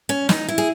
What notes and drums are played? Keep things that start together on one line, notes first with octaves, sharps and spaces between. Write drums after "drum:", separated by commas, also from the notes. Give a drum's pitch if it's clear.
C#4
D#4, drum: snare
E4
G#4